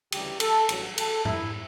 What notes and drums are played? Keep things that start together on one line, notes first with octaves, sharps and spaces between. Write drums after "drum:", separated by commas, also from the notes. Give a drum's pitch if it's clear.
D2 C#3 E3 G3 G4, drum: cymbal
A4, drum: cymbal
A1 G2 F#3, drum: cymbal
A4, drum: cymbal
G2 E3 G3 E4, drum: tom G#2